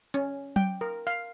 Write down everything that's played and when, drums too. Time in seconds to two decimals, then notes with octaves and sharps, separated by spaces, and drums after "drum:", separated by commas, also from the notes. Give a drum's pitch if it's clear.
0.14 C#4, drum: hi-hat
0.56 G5, drum: tom F#3
0.81 A#4
1.07 F5